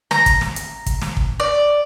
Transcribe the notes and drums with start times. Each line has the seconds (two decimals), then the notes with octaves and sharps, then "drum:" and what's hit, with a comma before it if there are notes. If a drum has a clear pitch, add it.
0.11 A#5, drum: snare
0.26 drum: kick, hi-hat
0.41 drum: snare
0.56 drum: hi-hat
0.86 drum: kick, hi-hat
1.02 drum: snare
1.17 drum: kick
1.40 D5